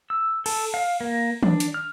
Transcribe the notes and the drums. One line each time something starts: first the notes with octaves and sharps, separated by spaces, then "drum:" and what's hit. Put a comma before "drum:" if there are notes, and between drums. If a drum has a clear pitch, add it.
E6
A4, drum: cymbal
F5
A#3
D4, drum: tom
drum: hi-hat
F6